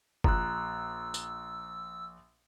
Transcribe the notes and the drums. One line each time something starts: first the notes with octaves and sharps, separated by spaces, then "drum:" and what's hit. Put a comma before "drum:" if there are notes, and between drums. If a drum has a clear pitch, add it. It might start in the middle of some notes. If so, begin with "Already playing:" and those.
A#1 A#5 E6 F#6, drum: kick
drum: tambourine